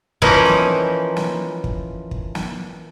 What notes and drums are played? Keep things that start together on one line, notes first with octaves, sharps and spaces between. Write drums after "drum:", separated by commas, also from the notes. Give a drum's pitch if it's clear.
E3 F3 A#3 C#4 D#4 E4, drum: kick
drum: snare
drum: snare
drum: kick
drum: kick
drum: snare